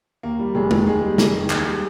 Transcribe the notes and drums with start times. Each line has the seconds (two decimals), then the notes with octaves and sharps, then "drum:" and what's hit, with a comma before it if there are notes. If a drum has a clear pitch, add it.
0.23 D#2 A#3
0.39 G3
0.55 F1 G#3
0.71 D#3, drum: tom G#3
0.86 D#2 G#3
1.02 G3
1.18 F1, drum: snare
1.34 D#3
1.50 D#2 G#3, drum: clap
1.65 G3